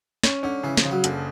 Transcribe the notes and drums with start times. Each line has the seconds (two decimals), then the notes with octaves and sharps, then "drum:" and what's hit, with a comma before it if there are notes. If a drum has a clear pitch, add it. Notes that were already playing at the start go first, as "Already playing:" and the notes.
0.23 C#4, drum: snare
0.43 D3 C#4
0.63 C#3 E3
0.77 F3, drum: snare
0.85 C#3
0.91 F#3
1.04 F#1 D3, drum: hi-hat